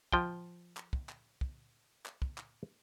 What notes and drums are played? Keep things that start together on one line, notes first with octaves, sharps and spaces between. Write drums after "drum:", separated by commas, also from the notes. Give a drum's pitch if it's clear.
F3 G5, drum: kick
drum: clap
drum: kick
drum: clap
drum: kick
drum: clap
drum: kick
drum: clap